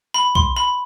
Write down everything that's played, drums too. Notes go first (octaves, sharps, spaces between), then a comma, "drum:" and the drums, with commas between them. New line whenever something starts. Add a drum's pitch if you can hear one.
B5
C6, drum: kick
B5